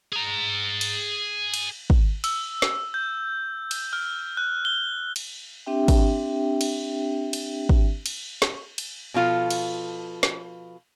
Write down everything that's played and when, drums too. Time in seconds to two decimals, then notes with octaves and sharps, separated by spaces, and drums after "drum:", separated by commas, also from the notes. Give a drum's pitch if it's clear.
0.12 G#4 A#5
0.81 drum: cymbal
1.54 drum: cymbal
1.90 drum: kick
2.24 E6, drum: cymbal
2.62 drum: snare
2.94 G6
3.71 drum: cymbal
3.93 F6
4.37 F#6
4.65 G7
5.16 drum: cymbal
5.66 C4 D4 G4 E5 G5
5.88 drum: kick, cymbal
6.61 drum: cymbal
7.33 drum: cymbal
7.69 drum: kick
8.06 drum: cymbal
8.42 drum: snare
8.78 drum: cymbal
9.14 B2 F3 F4 A4
9.51 drum: cymbal
10.23 drum: snare